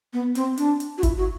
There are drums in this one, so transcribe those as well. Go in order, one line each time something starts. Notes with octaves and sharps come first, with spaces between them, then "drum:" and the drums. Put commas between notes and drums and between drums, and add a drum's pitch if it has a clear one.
B3
C4, drum: hi-hat
D4, drum: hi-hat
drum: hi-hat
F#4
E4, drum: kick G1, hi-hat
F#4